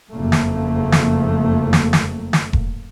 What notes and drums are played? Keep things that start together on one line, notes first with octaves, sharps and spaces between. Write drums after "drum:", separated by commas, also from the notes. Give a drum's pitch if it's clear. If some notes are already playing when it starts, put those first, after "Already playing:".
F#1 F2 A3 A#3
drum: snare
drum: snare
drum: snare
drum: snare
drum: snare
drum: kick E1